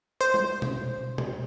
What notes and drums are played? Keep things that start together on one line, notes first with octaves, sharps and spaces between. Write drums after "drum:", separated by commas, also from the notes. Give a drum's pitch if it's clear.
C5
drum: tom G3
drum: tom B2
drum: tom B2